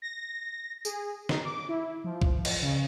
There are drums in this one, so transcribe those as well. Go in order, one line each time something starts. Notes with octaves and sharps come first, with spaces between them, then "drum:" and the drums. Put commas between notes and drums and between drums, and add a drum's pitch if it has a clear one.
A#6
G#4, drum: tambourine
D#4, drum: snare
D6
E4
F3
drum: kick B1
drum: cymbal
C#3